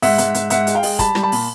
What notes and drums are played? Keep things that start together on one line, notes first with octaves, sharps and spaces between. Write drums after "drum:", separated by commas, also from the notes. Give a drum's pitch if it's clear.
G#2 E5 F#5, drum: open hi-hat
G#2, drum: hi-hat
G#2, drum: hi-hat
G#2 E5 F#5, drum: hi-hat
G#3, drum: hi-hat
F5 G5
G#3, drum: open hi-hat
G3 A5 B5, drum: kick, hi-hat
G3, drum: rim click
A5 B5
A#2, drum: open hi-hat